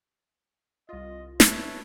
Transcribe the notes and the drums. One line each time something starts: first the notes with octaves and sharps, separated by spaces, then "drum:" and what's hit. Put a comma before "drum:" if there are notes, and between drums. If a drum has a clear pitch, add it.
C2 F4 D#5
B4 C#5 E5 A5, drum: snare